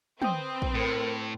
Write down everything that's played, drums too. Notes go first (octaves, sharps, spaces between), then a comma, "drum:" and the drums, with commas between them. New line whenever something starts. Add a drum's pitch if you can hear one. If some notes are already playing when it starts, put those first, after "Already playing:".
C4 B4 G5 D#6, drum: tom
drum: kick A#1
A2 A#4